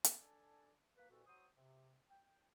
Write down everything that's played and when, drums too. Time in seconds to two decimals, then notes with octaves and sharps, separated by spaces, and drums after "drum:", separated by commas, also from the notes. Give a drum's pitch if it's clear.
0.04 drum: hi-hat
0.20 D4 A4 G#5 A5
0.97 A#3 B4
1.10 C2 A#2 F#4 A4 B4
1.27 F#3 C5 D#6
1.56 C3
2.10 G5